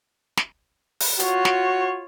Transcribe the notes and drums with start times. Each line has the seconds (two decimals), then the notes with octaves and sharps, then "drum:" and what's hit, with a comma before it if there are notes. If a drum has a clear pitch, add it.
0.37 drum: snare
1.00 drum: open hi-hat
1.20 F4 F#4 C#5, drum: hi-hat
1.45 drum: snare